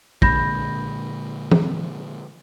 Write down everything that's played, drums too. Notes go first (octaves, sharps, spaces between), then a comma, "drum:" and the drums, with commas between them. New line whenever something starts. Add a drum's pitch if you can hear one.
A#2 D3 G#3 B5 G6 A#6, drum: kick
drum: tom E3